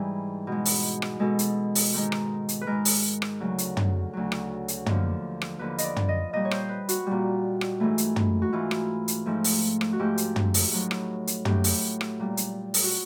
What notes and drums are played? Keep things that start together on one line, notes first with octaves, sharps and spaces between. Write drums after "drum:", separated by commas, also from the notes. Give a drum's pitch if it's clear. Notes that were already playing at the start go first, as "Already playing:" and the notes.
Already playing: G#2 E3 G3 G#4
B2 G#3
drum: open hi-hat
drum: rim click
B2 G#3 A4
drum: hi-hat
drum: open hi-hat
G#2 D#3 G#3
drum: rim click
drum: hi-hat
B4
G#2 D#3 G#3 A#4
drum: open hi-hat
drum: rim click
D2 C#3 F#3
drum: hi-hat
drum: tom
D2 C#3 F#3
drum: rim click
drum: hi-hat
D#2 D3 F3, drum: tom
drum: rim click
D#2 D3 F3 B4
D#5, drum: hi-hat
D5
drum: tom
D#5
A#2 G3 D#5
C#5
C5, drum: rim click
B4
F#4, drum: hi-hat
A#2 G3
drum: rim click
G#2 E3 A3
drum: hi-hat
drum: tom
F#4
G#2 E3 A3 F4
drum: rim click
drum: hi-hat
G#2 F3 A3
drum: open hi-hat
drum: rim click
F#4
G#2 F3 A3 G4
drum: hi-hat
drum: tom
drum: open hi-hat
A2 F#3 A3
drum: rim click
drum: hi-hat
A2 F#3 A3 G4, drum: tom
drum: open hi-hat
drum: rim click
A#2 G3
drum: hi-hat
drum: open hi-hat
F#4